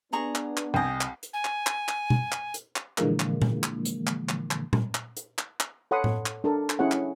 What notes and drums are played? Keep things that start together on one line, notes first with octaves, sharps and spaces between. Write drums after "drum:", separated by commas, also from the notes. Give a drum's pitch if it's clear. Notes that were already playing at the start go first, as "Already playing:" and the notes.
B3 D4 G#4 A#5 C#6
drum: clap
drum: clap
C2 D#4 D#5 G5 G#5
drum: clap
drum: hi-hat
G#5
drum: clap
drum: clap
drum: clap
drum: tom B2
drum: clap
drum: hi-hat
drum: clap
A#2 D3 E3 F3 G#3 A#3, drum: clap
drum: clap
drum: tom A#2
drum: clap
drum: hi-hat
drum: clap
drum: clap
drum: clap
drum: tom A#2
drum: clap
drum: hi-hat
drum: clap
drum: clap
A4 C#5 F#5 B5 C6 D#6
drum: tom A2
drum: clap
D4 A4 A#4
drum: clap
C#4 E4 G#4 C#5 F#5
drum: clap